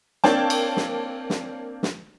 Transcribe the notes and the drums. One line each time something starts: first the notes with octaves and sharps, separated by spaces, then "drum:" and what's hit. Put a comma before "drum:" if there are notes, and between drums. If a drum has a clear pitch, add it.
A#3 C4 D4 C#5 G5 A5, drum: snare
drum: cymbal
drum: snare
drum: snare
drum: snare